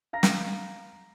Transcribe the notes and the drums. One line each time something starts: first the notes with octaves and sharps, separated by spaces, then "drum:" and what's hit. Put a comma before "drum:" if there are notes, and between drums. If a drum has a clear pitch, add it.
F5 A#5 A#6
drum: snare